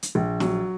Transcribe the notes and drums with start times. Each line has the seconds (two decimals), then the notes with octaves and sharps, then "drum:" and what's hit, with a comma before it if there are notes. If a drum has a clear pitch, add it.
0.03 drum: hi-hat
0.15 A#1
0.40 F#3, drum: snare